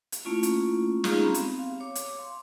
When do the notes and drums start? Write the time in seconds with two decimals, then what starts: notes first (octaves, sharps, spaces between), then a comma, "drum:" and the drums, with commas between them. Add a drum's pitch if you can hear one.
0.12 drum: hi-hat
0.25 A3 A#3 C#4 E4 F4
0.43 drum: hi-hat
1.04 C#4 D#4 F4 G#4 F5 A#5, drum: snare
1.22 B3 C4 G4
1.34 drum: hi-hat
1.59 F5
1.80 C#5 D6
1.95 drum: hi-hat
2.19 F5 C6